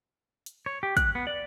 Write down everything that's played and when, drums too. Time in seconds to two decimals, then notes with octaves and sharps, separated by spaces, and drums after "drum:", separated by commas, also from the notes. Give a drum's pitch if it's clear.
0.46 drum: hi-hat
0.66 C#5
0.83 G4
0.97 F#6, drum: kick, hi-hat
1.15 B3
1.27 D5